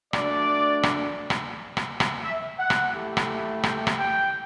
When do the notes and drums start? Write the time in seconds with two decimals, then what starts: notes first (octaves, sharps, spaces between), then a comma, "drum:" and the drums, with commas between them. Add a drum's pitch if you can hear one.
0.13 A3 D4 F#4 D5, drum: rim click
0.83 drum: rim click
1.30 drum: rim click
1.77 drum: rim click
2.00 drum: rim click
2.24 E5
2.59 F#5
2.70 drum: rim click
2.93 A3 E4 G4
3.17 drum: rim click
3.63 G5, drum: rim click
3.87 drum: rim click
3.98 G5